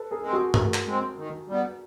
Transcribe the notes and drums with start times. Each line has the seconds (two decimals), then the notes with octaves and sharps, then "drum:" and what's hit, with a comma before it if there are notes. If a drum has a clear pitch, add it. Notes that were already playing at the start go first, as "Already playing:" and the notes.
Already playing: A4 B4
0.11 G#4 A#4
0.22 G#3
0.27 C4
0.33 F#4 G#4
0.54 E3 G#4 A#4, drum: tom G2
0.74 drum: clap
0.86 G#3 C4
1.18 D#3
1.49 G3 B3